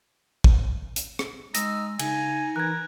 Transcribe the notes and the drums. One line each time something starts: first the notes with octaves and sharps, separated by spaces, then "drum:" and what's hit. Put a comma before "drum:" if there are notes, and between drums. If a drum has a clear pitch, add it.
drum: kick
drum: hi-hat
drum: rim click
G#3 D#4 E6 A#6, drum: hi-hat
C#3 D#4 G#5, drum: cymbal
E3 A#4 F#6 G#6